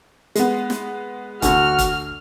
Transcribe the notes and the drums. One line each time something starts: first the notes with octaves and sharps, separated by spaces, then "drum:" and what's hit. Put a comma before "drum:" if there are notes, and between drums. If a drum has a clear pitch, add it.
G#3 B3, drum: hi-hat
drum: snare
D2 D3 F#4 F6, drum: kick, hi-hat
drum: kick, hi-hat